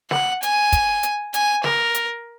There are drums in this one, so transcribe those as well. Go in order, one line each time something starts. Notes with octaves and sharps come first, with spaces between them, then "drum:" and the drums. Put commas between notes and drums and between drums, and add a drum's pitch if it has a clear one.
F#5, drum: snare
G#5, drum: hi-hat
drum: kick, hi-hat
drum: hi-hat
G#5, drum: hi-hat
A#4, drum: snare
drum: hi-hat